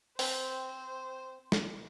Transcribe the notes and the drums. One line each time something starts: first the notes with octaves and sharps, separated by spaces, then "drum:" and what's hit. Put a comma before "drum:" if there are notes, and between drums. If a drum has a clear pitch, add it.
C4 C5, drum: open hi-hat
drum: snare